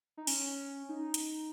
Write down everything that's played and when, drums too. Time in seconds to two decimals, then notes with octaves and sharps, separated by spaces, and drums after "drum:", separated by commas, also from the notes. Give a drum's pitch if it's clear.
0.17 D#4
0.27 C#4, drum: open hi-hat
0.89 D#4
1.14 drum: hi-hat